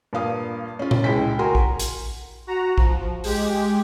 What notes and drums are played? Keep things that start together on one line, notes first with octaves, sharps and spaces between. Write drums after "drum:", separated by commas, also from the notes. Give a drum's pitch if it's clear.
G2 A#2 F5 D#6
C#4 F4
drum: tom A#2
C#2 G#3 E4 G5 B6
F#4 A#4 G#5 C6
drum: kick A#1
drum: hi-hat
F#4 A#5
F3, drum: kick A#1
G#3 G4, drum: open hi-hat